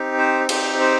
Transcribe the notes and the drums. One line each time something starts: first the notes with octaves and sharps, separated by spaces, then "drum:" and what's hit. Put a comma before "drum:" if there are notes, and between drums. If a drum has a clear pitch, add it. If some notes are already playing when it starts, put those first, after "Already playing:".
Already playing: C4 D#4 G4
C5
C4 D#4 G4 C5, drum: cymbal
C5